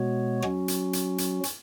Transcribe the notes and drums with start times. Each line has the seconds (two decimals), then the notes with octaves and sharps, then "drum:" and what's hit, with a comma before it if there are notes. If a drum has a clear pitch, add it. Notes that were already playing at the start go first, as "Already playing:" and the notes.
Already playing: B2 G#3 B3 F#4 C#5
0.42 F#3 C#4 F#4, drum: rim click
0.68 drum: hi-hat
0.93 drum: hi-hat
1.18 drum: hi-hat
1.43 drum: hi-hat